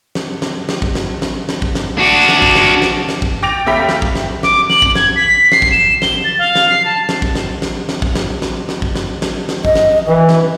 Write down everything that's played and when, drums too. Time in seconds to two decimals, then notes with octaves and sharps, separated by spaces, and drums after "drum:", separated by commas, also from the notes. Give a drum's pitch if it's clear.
0.15 drum: snare
0.42 drum: snare
0.69 drum: snare
0.82 drum: kick
0.95 drum: snare
1.22 drum: snare
1.49 drum: snare
1.62 drum: kick
1.75 drum: snare
1.98 D4 F#4
2.29 drum: snare
2.42 drum: kick
2.55 drum: snare
2.82 drum: snare
3.09 drum: snare
3.22 drum: kick
3.43 G5 D6 A6 A#6 D7 F7
3.66 D#2 A3 E5 G5 B5 B6
3.89 drum: snare
4.02 drum: kick
4.15 drum: snare
4.43 D6, drum: snare
4.70 F#7, drum: snare
4.82 drum: kick
4.95 G#6, drum: snare
5.16 B6
5.52 C7, drum: snare
5.62 drum: kick
5.72 E7
6.02 G7, drum: snare
6.24 A6
6.39 F5
6.55 drum: snare
6.69 C7
6.85 A5
7.09 drum: snare
7.22 drum: kick
7.35 drum: snare
7.62 drum: snare
7.89 drum: snare
8.02 drum: kick
8.15 drum: snare
8.42 drum: snare
8.69 drum: snare
8.82 drum: kick
8.95 drum: snare
9.22 drum: snare
9.49 drum: snare
9.65 D#5, drum: kick
9.75 drum: snare
10.08 E3 B4
10.29 drum: snare